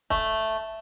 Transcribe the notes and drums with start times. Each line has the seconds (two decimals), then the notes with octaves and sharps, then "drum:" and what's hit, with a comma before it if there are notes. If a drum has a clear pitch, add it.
0.10 A3, drum: kick